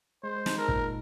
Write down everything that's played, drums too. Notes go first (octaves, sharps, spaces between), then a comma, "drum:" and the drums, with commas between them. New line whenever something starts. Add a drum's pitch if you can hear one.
G#3 C5
D#4, drum: snare
A#4
A#2, drum: kick